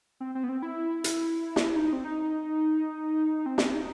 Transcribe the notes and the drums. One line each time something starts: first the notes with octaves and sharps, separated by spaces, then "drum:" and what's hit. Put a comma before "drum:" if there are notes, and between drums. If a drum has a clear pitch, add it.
C4
C4
B3
C4
E4
drum: hi-hat
drum: snare
D#4
C4
D#4
C4
drum: snare
C4
D#4